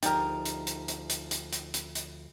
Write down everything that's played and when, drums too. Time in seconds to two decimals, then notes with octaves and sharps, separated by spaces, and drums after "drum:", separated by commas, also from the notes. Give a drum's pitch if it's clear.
0.03 D2 F3 G3 D#4 A#4, drum: hi-hat
0.45 drum: hi-hat
0.67 drum: hi-hat
0.88 drum: hi-hat
1.10 drum: hi-hat
1.31 drum: hi-hat
1.53 drum: hi-hat
1.74 drum: hi-hat
1.95 drum: hi-hat